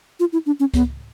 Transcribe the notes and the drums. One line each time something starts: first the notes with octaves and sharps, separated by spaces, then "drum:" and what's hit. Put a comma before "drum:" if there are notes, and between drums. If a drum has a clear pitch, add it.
F4
E4
D4
C#4
B3, drum: kick C#2, hi-hat